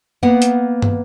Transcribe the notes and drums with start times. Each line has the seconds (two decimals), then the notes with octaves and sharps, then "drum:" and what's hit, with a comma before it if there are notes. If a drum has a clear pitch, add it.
0.23 A#3 B3 F#5
0.42 drum: hi-hat
0.82 drum: tom